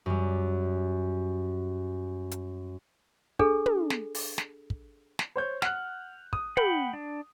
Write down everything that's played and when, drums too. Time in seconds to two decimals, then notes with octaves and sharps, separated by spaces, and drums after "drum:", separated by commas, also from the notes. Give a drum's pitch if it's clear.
0.06 F#2 G3
2.31 drum: hi-hat
3.39 D4 G#4 A4, drum: kick
3.66 drum: tom
3.90 drum: snare
4.15 drum: open hi-hat
4.38 drum: snare
4.70 drum: kick
5.19 drum: snare
5.36 C5 C#5 G6
5.62 F#5 F6 F#6, drum: snare
6.33 D#6, drum: kick
6.57 F#5 G5 B5, drum: tom
6.93 D4